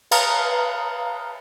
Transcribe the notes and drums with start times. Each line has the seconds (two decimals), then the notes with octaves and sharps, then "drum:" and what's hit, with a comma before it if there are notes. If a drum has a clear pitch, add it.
0.11 B4 F5 A5 A#5 D#6 F6, drum: cymbal